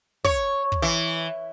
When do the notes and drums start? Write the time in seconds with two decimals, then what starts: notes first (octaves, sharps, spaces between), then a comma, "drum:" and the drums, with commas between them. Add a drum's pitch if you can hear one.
0.25 C#5, drum: kick
0.72 drum: kick
0.82 E3